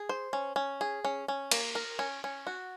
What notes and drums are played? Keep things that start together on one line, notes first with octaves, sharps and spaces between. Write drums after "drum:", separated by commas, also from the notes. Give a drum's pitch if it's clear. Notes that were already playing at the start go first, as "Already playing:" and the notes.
Already playing: G#4
C5
C#4
C#4
G#4
C#4
C#4
A#3, drum: cymbal
A#4
C#4
C#4
F#4